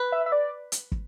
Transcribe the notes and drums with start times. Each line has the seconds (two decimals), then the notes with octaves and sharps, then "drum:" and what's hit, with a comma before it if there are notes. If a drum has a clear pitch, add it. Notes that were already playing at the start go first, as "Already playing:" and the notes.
Already playing: B4
0.12 E5
0.26 E5
0.32 D5
0.72 drum: hi-hat
0.92 drum: kick